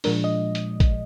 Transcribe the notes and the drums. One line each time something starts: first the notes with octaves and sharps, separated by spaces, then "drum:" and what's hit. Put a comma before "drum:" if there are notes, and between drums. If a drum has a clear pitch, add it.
A#2 F3 G#3 D4 A#4, drum: open hi-hat
D#5
drum: hi-hat
drum: kick, hi-hat